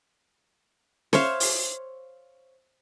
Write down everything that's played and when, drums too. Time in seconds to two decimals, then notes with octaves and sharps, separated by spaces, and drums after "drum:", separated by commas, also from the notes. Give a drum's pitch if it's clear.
1.13 C5 C#5 E5 F5, drum: snare
1.40 drum: open hi-hat